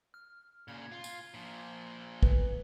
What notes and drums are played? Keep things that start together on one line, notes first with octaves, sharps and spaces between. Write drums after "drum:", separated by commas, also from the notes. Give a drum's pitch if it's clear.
F6
A#2 C#3 G#6
F4
drum: tambourine
A#2 F3
B4, drum: kick